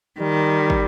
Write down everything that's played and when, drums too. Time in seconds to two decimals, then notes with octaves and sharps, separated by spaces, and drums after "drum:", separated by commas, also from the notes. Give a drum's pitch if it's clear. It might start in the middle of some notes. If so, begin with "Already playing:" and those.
0.19 D#3 G3
0.70 drum: kick